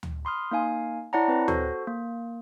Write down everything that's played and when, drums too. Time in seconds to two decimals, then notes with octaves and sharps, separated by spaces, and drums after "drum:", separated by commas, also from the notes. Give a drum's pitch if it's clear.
0.03 drum: tom D2
0.25 B5 C6 D#6 F6
0.51 A#3 D#4 F5 G#5
1.13 E4 C#5 D5 F#5 A5 A#5
1.28 C4 B4 C#5 A#6
1.48 F#4 A4 C5, drum: tom D2
1.87 A#3